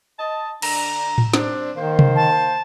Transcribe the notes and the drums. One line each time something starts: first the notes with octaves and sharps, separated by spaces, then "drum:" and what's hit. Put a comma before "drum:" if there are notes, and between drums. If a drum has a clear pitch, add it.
D#5 A5
D3 D4 A#5, drum: cymbal
drum: tom A2
G3 C4 D4, drum: snare
D#3 A#3 C5
drum: tom C3
A5